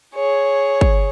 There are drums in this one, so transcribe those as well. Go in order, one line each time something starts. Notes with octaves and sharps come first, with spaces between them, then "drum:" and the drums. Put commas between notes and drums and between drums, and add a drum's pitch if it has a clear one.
G#4 C#5
drum: kick